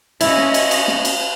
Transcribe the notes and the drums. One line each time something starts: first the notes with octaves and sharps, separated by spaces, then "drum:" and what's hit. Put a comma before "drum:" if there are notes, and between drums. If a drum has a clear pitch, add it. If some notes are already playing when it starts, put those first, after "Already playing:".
C#4 E4 D#5, drum: cymbal
drum: snare
drum: cymbal
drum: cymbal
drum: snare
drum: cymbal